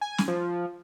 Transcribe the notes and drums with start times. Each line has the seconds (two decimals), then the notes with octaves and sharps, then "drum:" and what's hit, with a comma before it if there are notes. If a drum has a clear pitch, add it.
0.01 G#5
0.18 drum: snare
0.28 F3